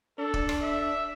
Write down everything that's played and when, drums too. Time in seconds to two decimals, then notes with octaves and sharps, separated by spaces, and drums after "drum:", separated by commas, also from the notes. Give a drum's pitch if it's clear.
0.19 D4 A4
0.34 drum: kick
0.49 drum: rim click
0.62 E5